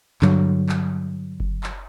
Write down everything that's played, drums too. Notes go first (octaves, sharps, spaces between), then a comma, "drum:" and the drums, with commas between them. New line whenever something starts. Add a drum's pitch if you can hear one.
G2 D3 F#3, drum: clap
drum: clap
drum: kick F#1
drum: clap